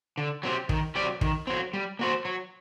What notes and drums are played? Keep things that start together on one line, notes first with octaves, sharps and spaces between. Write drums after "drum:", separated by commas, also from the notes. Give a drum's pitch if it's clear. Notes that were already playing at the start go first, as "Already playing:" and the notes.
D3
F#3 C4 G4
D#3, drum: kick
F#3 C4 G4 D5
D#3, drum: kick
F#3 C4
G3
A#3 F#4 C5
F#3